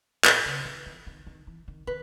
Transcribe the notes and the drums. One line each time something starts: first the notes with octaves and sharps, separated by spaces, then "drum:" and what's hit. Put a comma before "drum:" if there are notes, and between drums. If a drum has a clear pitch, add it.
A2 B4, drum: clap
C#3
D#3
E3
D#3
D#3
E3
D#3
D#3 B4